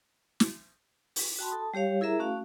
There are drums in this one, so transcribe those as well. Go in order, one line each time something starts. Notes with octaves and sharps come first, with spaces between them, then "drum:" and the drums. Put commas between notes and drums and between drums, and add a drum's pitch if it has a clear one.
drum: snare
drum: open hi-hat
F#4 G5 A5 B5 C6
A4 A5 D#6
G3 G4 C#5 F5
E4 G#4 A#4 E5 A#5
A3 C#4 F#4 F5